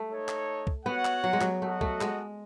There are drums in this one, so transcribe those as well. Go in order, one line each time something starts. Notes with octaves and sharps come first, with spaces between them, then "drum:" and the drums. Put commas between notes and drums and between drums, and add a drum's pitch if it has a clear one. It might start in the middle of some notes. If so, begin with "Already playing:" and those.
Already playing: A3
D#4 A4 C#5
drum: clap
drum: kick
B3 F#4 C#5 F#5
drum: clap
F#3
G#3
F#3, drum: clap
A3 F#4 A4 D#5 F#5
A3, drum: kick
G#3, drum: clap